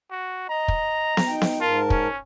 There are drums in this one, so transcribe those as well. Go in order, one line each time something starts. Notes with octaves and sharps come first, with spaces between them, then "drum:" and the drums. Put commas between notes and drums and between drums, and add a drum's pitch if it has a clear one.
F#4
D#5 A#5
drum: kick
drum: snare B3
D#4 G5
drum: snare B3
G#2 F4 A#4 A5
C#4, drum: kick